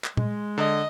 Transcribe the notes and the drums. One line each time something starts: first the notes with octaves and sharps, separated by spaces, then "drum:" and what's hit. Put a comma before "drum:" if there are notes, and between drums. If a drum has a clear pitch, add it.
drum: clap
G#3, drum: tom
D3 D#5